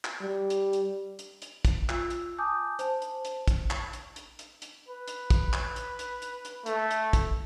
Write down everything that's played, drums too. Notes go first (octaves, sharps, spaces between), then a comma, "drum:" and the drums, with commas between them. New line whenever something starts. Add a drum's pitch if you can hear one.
drum: clap
G3
drum: hi-hat
drum: hi-hat
drum: hi-hat
drum: hi-hat
drum: kick, hi-hat
F4 E6, drum: clap
drum: hi-hat
G#5 A5 D6 D#6 G6
C5 A5, drum: hi-hat
drum: hi-hat
drum: hi-hat
drum: kick, hi-hat
drum: clap
drum: hi-hat
drum: hi-hat
drum: hi-hat
drum: hi-hat
B4
drum: hi-hat
drum: kick, hi-hat
drum: clap
drum: hi-hat
drum: hi-hat
drum: hi-hat
drum: hi-hat
A3, drum: hi-hat
drum: hi-hat
drum: kick, hi-hat